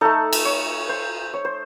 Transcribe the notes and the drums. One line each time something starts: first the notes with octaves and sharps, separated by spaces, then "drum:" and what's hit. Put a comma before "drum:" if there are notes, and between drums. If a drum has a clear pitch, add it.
A3 D#4 A4
drum: cymbal
C#5
C5
C#5
C5